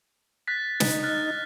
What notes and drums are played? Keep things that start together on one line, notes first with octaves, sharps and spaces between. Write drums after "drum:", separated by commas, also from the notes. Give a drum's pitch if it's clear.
F#6 A6 B6
D#4, drum: snare
F6 F#6 A6